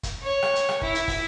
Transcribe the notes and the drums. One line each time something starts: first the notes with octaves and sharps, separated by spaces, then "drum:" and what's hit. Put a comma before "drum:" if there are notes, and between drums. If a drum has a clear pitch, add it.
drum: kick, hi-hat
C#5
drum: rim click
drum: hi-hat
drum: rim click
E4, drum: kick
drum: hi-hat
drum: kick, open hi-hat